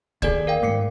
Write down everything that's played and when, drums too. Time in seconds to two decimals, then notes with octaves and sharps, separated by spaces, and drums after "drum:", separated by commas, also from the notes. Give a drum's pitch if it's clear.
0.22 D#2 G#4 A4 D5 G#6, drum: kick
0.47 A#4 F5 G5
0.63 G#2 A3 C7 C#7